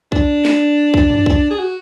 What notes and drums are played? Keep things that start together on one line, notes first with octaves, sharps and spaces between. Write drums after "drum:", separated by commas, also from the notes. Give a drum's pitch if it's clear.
D4, drum: kick B1
drum: snare
drum: kick B1
drum: tom
drum: kick B1
G#4
F#4